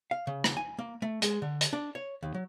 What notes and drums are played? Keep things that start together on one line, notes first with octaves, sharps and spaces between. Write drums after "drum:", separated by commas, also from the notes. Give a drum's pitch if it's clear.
F5
C#3
drum: rim click
G#5
A#3
A3
G#3, drum: hi-hat
D3
drum: hi-hat
D4
C#5
D#2
F#3